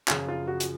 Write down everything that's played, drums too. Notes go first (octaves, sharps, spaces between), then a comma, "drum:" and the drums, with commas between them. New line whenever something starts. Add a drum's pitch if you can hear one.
F#2 C#3 F3 F4, drum: clap
F4
F#4
drum: hi-hat